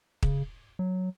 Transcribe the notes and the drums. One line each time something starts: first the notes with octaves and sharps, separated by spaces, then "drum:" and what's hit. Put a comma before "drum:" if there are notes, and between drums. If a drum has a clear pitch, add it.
C#3, drum: kick
F#3